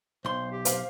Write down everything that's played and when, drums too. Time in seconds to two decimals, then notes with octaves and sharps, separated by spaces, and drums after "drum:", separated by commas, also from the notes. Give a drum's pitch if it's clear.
0.25 B1 C5 C6
0.52 G4
0.65 C5 F5, drum: hi-hat